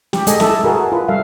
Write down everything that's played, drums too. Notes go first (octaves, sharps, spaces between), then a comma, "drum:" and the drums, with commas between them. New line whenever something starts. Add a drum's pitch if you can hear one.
G4, drum: snare
G#3 A4 D#5 G#5, drum: hi-hat
E4 A4 E5, drum: snare
F#4 G#4 A#4 B4
F4 B4
G3 A4 E5 F5